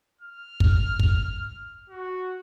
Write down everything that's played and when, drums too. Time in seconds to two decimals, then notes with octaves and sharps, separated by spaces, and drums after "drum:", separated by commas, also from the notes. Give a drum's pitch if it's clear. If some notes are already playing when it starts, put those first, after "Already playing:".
0.21 F6
0.60 drum: kick
0.99 drum: kick
1.90 F#4